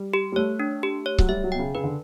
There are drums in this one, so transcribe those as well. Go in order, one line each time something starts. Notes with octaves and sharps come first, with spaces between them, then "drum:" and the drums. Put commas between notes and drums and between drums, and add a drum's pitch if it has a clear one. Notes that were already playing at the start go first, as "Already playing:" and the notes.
Already playing: G3
G4
G3
A3 C#5
D4
G4
C#5
F#3, drum: kick C#1
G3 E5
F#3
B2 G5
C#3
C#3 B4
D3